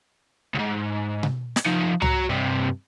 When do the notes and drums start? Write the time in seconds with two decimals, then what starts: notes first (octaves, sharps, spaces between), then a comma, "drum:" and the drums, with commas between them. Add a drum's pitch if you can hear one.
0.54 C2 G#2
1.23 drum: tom B2
1.56 drum: snare
1.66 F3 D#4
2.02 F#4 A#5, drum: tom C2
2.29 G2 C3